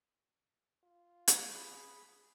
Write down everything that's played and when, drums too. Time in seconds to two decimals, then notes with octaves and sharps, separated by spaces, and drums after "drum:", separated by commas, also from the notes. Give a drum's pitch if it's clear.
0.84 F4
1.28 drum: hi-hat
1.53 G#4 B5